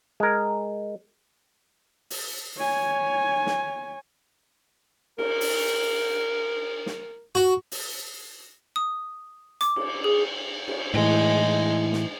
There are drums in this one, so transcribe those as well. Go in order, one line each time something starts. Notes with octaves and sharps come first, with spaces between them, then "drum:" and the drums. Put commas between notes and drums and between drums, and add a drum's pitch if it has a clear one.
G#3 A#4
drum: open hi-hat
C#5 G#5
drum: snare
A#4, drum: cymbal
drum: open hi-hat
drum: snare
F#4
drum: open hi-hat
D#6
D6, drum: hi-hat
drum: cymbal
G#4
drum: cymbal
A2 E3 G#3 D#4
drum: snare